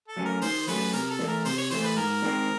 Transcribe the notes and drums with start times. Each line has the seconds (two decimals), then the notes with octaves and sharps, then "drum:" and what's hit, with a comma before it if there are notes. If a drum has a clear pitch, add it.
0.08 A4
0.17 F#3 A3 C#4
0.25 A#4
0.41 D#3 C5, drum: open hi-hat
0.68 F#3 A3 C#4 B4, drum: open hi-hat
0.93 C3 A#4, drum: hi-hat
1.11 A4
1.19 E3 A3, drum: snare
1.28 A#4
1.45 C3 C5, drum: open hi-hat
1.58 C#5
1.70 E3 A3 C5, drum: open hi-hat
1.84 B4
1.96 G#2 A#4
2.22 D#3 G#3 C4, drum: snare